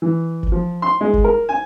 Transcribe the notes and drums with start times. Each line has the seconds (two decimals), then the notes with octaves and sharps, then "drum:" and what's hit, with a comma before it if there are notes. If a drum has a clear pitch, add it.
0.02 E3
0.43 drum: kick F#1
0.52 F3
0.82 C6
1.01 G#3
1.13 drum: kick F#1
1.24 A#4
1.49 G#5